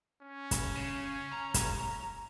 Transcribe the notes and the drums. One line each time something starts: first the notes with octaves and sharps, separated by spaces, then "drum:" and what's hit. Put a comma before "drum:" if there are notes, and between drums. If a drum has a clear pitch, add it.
C#4
drum: kick, hi-hat
C#3
A#5
drum: kick, hi-hat